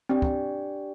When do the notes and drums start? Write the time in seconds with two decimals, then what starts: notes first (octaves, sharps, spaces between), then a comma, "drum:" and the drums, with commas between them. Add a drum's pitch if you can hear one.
0.09 C4 D4 G4 D5 G5
0.22 drum: kick